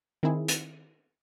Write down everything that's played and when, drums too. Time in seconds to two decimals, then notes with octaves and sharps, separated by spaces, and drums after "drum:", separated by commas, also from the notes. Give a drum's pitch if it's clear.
0.23 D#3 C4 E4 G#4
0.48 drum: hi-hat